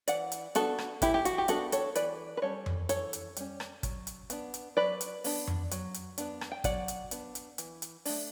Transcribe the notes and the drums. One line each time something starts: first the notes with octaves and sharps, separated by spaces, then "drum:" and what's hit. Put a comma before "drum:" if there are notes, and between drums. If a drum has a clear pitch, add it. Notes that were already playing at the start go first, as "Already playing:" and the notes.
E3 D5 F#5, drum: hi-hat
drum: hi-hat
B3 D4 F#4 A4, drum: hi-hat
drum: rim click
E3 E4 G4, drum: kick, hi-hat
G4
F#4, drum: hi-hat
G4
B3 D4 F#4 A4, drum: hi-hat
A4 C#5, drum: hi-hat
E3 B4 D5, drum: hi-hat
B4
G3 C#4 A4 C#5
drum: tom F2
E3 A4 C#5, drum: hi-hat
drum: hi-hat
G3 C#4, drum: hi-hat
drum: rim click
F#3, drum: kick, hi-hat
drum: hi-hat
B3 D4, drum: hi-hat
drum: hi-hat
F#3 B4 D5
drum: hi-hat
B3 D4, drum: open hi-hat
drum: tom F2
F#3, drum: hi-hat
drum: hi-hat
B3 D4, drum: hi-hat
drum: rim click
G5
F#3 D5 F#5, drum: kick, hi-hat
drum: hi-hat
B3 D4, drum: hi-hat
drum: hi-hat
E3, drum: hi-hat
drum: hi-hat
A3 D4, drum: open hi-hat